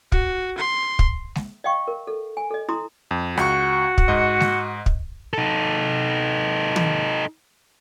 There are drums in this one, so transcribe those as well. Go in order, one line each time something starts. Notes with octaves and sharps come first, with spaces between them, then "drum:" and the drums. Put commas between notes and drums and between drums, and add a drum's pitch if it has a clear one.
F#4, drum: kick
C6
drum: kick
drum: snare
D#5 F5 G5 C#6
A#4
A4
G#5
A4 D#5
E4 A#5 C6 D#6
F2
C#2 F#4 C#6, drum: rim click
drum: kick
G#2 D#5
drum: snare
drum: kick
D#4 A4
drum: tom